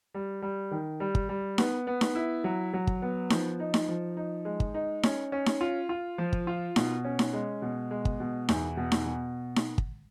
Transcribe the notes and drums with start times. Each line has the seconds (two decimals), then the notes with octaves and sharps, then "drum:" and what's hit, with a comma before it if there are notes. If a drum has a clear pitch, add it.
0.14 G3
0.42 G3
0.71 D#3
1.00 G3
1.15 drum: kick
1.29 G3
1.58 B3, drum: snare D#4
1.87 B3
2.01 drum: snare D#4
2.15 E4
2.44 F#3
2.73 F#3
2.87 drum: kick
3.02 B3
3.30 F3, drum: snare D#4
3.60 D#4
3.74 drum: snare D#4
3.88 F3
4.17 D#4
4.45 G#3
4.60 drum: kick
4.74 D#4
5.03 C#4, drum: snare D#4
5.32 C#4
5.46 drum: snare D#4
5.61 F4
5.89 F4
6.18 F3
6.33 drum: kick
6.47 F4
6.76 B2, drum: snare D#4
7.05 C#4
7.19 drum: snare D#4
7.33 G#3
7.62 B2
7.91 G#3
8.05 drum: kick
8.20 B2
8.49 E2, drum: snare D#4
8.77 B2
8.92 drum: snare D#4
9.06 B2
9.56 drum: snare D#4
9.78 drum: kick